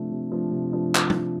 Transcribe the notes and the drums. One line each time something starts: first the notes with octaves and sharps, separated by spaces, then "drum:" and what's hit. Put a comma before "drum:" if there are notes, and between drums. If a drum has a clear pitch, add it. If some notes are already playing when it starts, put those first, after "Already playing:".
Already playing: C3 F3 A3 D4
C3
F3 A3 D4
C3
F3 A3 D4
drum: clap
drum: tom